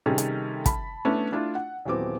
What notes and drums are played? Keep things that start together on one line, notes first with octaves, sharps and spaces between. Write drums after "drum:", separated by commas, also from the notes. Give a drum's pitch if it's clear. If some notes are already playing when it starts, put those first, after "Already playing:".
C3 D#3 G3 C#4 G#4 A4
drum: hi-hat
A5 B5, drum: kick, hi-hat
A3 B3 C#4 D4 E4
A3 D4 E4 F4
F#5
D#1 E3 F#3 B3 C4 D6